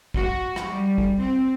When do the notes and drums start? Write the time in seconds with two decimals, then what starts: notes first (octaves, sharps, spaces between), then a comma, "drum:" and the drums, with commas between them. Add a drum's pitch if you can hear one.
0.14 F#4, drum: kick
0.56 drum: rim click
0.66 G3
0.98 drum: kick
1.19 C4